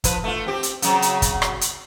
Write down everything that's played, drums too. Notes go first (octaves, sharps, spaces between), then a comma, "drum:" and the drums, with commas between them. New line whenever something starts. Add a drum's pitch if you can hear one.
F3 B4, drum: kick, hi-hat
A3 F4
C4 G4
drum: hi-hat
C#3 F#3 C4, drum: hi-hat
drum: hi-hat
drum: kick, hi-hat
drum: rim click
drum: hi-hat